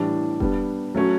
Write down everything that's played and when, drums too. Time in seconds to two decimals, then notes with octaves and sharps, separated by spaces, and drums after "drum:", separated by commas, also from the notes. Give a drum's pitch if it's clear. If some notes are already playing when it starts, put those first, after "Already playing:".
Already playing: A2 E3 G3 D4
0.40 G3 B3 D4, drum: kick F1
0.95 F#3 A3 C#4 F#4